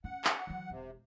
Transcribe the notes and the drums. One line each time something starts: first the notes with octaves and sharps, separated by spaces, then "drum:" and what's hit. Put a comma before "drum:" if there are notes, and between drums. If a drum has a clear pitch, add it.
C#4 F#5
drum: clap
E3 F#3
E1 C3